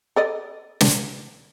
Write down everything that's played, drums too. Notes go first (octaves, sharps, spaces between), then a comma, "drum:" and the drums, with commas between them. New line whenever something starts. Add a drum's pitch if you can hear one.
A4 D5 D#5
drum: snare